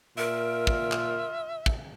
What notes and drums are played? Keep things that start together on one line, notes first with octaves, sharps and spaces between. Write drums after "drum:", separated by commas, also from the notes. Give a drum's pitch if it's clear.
A#2 F4 A#4 E5
drum: kick
drum: clap
drum: kick